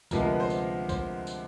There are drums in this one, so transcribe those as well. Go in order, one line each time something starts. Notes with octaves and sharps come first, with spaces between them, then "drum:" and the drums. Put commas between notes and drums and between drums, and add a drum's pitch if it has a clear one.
D2 C3 F3 G#3 B3 A#4, drum: kick C#2, tambourine
A#4
B4
C5
drum: tambourine
C5, drum: kick C#2, tambourine
drum: tambourine